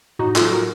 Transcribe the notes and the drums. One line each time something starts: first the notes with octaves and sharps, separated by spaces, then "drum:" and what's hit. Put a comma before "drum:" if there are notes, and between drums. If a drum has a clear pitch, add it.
A2 D#4 F#4
F4 A4, drum: clap
F#3
F#4 A#4